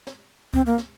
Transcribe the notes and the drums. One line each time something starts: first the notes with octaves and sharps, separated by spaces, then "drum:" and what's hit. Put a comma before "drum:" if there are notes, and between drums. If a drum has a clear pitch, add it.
drum: snare
C4, drum: kick C#2
A#3
drum: snare